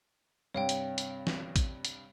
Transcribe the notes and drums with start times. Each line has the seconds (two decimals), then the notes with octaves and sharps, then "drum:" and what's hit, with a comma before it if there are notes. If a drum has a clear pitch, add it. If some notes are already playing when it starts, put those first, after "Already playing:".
0.54 G2 C3 C#5 F5 G5
0.69 drum: hi-hat
0.98 drum: hi-hat
1.27 drum: snare
1.56 drum: kick A1, hi-hat
1.85 drum: hi-hat